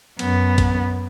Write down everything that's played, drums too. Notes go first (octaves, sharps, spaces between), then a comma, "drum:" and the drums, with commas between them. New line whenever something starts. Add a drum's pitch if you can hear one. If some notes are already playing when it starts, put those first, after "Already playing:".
F#2 B3, drum: cymbal
drum: kick, cymbal